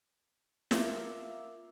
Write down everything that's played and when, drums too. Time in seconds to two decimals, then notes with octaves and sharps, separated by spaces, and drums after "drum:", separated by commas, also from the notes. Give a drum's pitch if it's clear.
0.71 F4 A#4 E5 F5 D6 E6, drum: snare